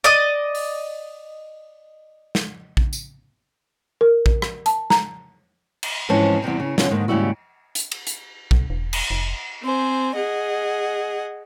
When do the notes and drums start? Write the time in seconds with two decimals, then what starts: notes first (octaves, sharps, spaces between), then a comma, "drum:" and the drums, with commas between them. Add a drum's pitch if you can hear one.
0.04 D5 D#5 D#6
0.55 drum: open hi-hat
2.35 drum: snare
2.77 drum: kick A#1
2.93 drum: tambourine
4.01 A#4
4.26 drum: kick A#1
4.42 drum: rim click
4.66 A5, drum: hi-hat
4.90 A#5, drum: snare
5.83 drum: cymbal
6.09 F2 G#2 E3 F3 C#4 A5
6.42 E2 G2 C3 G3
6.60 C#3
6.78 B2 D3 F#3 C#4 F4, drum: snare
6.91 D#2 G#2 D3 D#3
7.08 D#2 G#2 C#3 G3 E4 F#4
7.75 drum: hi-hat
7.92 drum: cymbal
8.07 drum: hi-hat
8.51 B1, drum: kick A#1
8.70 E1
8.93 drum: cymbal
9.11 F1
9.62 C4 C5 G#5
10.16 G#4 D#5 F#5